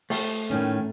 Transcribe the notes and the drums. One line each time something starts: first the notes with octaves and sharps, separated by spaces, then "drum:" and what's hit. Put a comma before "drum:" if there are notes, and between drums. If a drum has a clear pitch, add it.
A3, drum: open hi-hat
A2 D#3 C#4